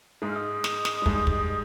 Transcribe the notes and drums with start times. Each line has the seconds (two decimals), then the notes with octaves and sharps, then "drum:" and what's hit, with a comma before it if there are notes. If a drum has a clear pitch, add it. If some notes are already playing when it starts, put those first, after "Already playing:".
0.22 G#2 G#3 D#5
0.30 F5
0.36 D#5
0.64 drum: snare
0.85 drum: snare
1.02 G3
1.06 G#2 G#3, drum: kick
1.27 drum: kick